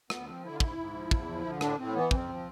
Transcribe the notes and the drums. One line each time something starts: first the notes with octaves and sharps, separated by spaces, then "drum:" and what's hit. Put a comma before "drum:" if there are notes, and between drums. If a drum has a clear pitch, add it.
D2 B3, drum: rim click
F3 C4
D3 E4
F4
G#2 E4, drum: kick
G#2
F3
E2, drum: kick
F3
D3
A2 D4, drum: rim click
A2 C4
E3 B3
F2 C4, drum: kick
F3